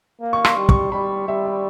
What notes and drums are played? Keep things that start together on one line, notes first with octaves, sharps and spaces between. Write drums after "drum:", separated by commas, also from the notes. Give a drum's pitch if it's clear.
A#3
C#6
C6, drum: rim click
G3
C#6, drum: kick
G3 B5
G3 E5
D5